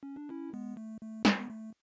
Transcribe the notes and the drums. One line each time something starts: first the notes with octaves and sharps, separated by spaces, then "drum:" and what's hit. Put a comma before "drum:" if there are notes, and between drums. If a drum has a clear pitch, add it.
C#4
D4
C#4 E4
G#3 B3
A3
A3
G#3, drum: snare
B3
A3